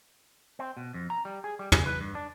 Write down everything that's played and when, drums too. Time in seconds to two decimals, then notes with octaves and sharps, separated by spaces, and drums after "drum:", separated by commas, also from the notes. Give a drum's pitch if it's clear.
0.59 C4
0.77 B2
0.94 F2
1.10 A#5
1.25 G3
1.44 G#4
1.59 G3
1.72 G#4, drum: tom
1.86 B4
2.01 G2
2.15 D4